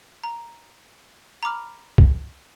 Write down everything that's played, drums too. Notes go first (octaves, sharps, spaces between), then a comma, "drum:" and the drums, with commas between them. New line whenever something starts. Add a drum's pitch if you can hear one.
A#5
A#5 B5 D6 F6
drum: kick